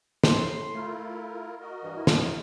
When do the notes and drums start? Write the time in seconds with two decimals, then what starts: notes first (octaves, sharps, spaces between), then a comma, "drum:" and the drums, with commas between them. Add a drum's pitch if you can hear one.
0.24 A2 C6, drum: snare
0.74 A3 E4 F4 A#4
1.61 F#4 A#4 D#5
1.84 G2 E3
1.96 E4
2.07 drum: snare